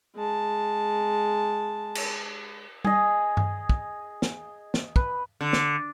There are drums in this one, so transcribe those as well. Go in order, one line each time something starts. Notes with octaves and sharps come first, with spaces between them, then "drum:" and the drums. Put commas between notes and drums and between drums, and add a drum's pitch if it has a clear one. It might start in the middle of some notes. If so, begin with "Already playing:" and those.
G#3 A5
drum: cymbal
G#4 D#5, drum: tom G3
drum: tom G2
drum: kick
drum: snare
drum: snare
B4, drum: kick
D3
drum: snare